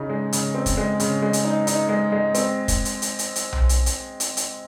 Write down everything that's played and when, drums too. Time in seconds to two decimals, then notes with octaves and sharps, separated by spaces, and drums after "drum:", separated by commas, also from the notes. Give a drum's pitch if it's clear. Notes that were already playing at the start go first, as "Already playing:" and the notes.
Already playing: C#3 D#4
0.09 G#3
0.33 C#3, drum: hi-hat
0.54 C4
0.66 drum: kick, hi-hat
0.77 G#3
1.00 C#3, drum: hi-hat
1.22 G#3
1.33 drum: hi-hat
1.45 D#4
1.67 D#4, drum: hi-hat
1.89 G#3
2.12 G#3
2.34 C4, drum: hi-hat
2.68 drum: kick, hi-hat
2.85 drum: hi-hat
3.02 drum: hi-hat
3.19 drum: hi-hat
3.36 drum: hi-hat
3.52 drum: tom B1
3.69 drum: hi-hat
3.86 drum: hi-hat
4.20 drum: hi-hat
4.37 drum: hi-hat